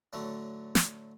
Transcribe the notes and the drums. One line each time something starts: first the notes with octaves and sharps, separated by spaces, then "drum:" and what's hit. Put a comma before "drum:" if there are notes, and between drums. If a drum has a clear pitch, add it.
A2 D3 F#3 A3
drum: snare